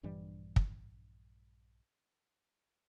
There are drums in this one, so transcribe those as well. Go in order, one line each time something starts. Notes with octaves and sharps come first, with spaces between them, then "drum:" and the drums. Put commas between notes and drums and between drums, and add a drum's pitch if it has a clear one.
A#1 G2 E3 G3
drum: kick